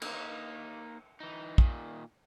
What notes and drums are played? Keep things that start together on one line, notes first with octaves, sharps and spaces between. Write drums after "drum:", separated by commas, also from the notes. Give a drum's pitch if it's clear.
A#3 D#4, drum: cymbal
E3 D#4
A#2 D#3, drum: kick